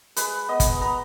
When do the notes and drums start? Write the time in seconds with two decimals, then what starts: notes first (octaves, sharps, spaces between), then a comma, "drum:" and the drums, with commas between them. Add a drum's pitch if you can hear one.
0.16 G#3 B4, drum: hi-hat
0.48 B3 D#5
0.60 drum: kick G1, hi-hat
0.81 B3 A#5